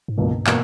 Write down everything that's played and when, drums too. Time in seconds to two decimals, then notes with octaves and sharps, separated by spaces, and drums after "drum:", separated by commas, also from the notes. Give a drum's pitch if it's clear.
0.08 G#2
0.18 C#2 G2 B2 A#3
0.47 B2 A#3, drum: clap